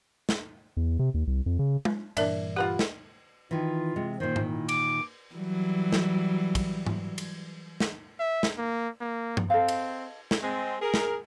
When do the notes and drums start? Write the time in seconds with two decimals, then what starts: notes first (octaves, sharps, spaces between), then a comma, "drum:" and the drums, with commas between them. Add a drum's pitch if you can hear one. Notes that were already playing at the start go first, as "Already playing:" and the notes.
0.29 drum: snare
0.77 E2
0.99 C3
1.14 D#2
1.27 C2
1.46 F2
1.59 C#3
1.85 drum: tom G#3
2.17 G2 A#2 E3 D4 A#4 E5, drum: cymbal
2.56 F4 G4 B4 F#5
2.79 drum: snare
3.51 D#3 E3 F4
3.96 C3 G#3
4.20 A#2 D#3 C5
4.36 drum: tom G#2
4.48 E4
4.69 D6, drum: cymbal
5.35 E3 F#3 G3
5.93 drum: snare
6.55 drum: kick, cymbal
6.86 drum: tom G#2
7.18 drum: cymbal
7.80 drum: snare
8.20 E5
8.43 drum: snare
8.58 A#3
9.01 A#3
9.37 drum: tom G2
9.50 C4 A4 D#5 F5
9.68 drum: cymbal
10.31 drum: snare
10.42 G#3 C4
10.80 G#4 A#4
10.94 drum: snare